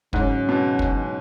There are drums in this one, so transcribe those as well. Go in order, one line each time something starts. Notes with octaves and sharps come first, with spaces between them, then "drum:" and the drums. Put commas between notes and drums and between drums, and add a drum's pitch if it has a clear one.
G#2 C#3 F#3 C#4, drum: kick
B2
drum: kick